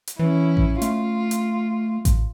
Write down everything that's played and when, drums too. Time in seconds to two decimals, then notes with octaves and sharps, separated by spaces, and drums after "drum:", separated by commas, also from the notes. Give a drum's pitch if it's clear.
0.07 drum: hi-hat
0.19 E3 C#4 E4
0.57 drum: kick A1
0.82 A3 F4, drum: hi-hat
1.31 drum: hi-hat
2.05 drum: kick A1, hi-hat